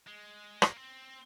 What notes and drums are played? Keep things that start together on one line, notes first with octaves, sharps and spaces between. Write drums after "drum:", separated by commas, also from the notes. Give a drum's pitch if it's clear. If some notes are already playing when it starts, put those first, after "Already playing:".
G#3
A#3, drum: rim click
C4